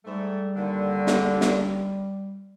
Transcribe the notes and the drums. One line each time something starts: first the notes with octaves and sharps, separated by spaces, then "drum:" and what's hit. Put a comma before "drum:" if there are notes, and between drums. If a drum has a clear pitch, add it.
G#2 G3 A3
D#2 D3
drum: snare
drum: snare